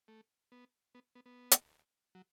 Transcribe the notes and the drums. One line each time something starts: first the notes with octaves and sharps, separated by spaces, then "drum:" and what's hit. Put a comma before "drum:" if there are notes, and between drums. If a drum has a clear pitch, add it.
A3
B3
B3
B3
B3
drum: hi-hat
F#3